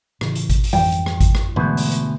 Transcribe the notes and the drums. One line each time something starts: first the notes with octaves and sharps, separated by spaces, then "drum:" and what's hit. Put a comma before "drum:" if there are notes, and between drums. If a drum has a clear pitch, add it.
A2 C#3 E3, drum: rim click
drum: hi-hat
drum: kick G#1, hi-hat
drum: open hi-hat
F2 G#2 E3 F3 G3 G5
drum: hi-hat
drum: rim click
drum: kick G#1, hi-hat
drum: rim click
D2 G#2 B2 E3 G#3 B4
drum: open hi-hat
drum: hi-hat